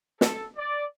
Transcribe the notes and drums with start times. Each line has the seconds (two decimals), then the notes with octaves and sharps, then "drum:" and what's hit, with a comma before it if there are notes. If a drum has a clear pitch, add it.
0.21 A4, drum: snare
0.57 D5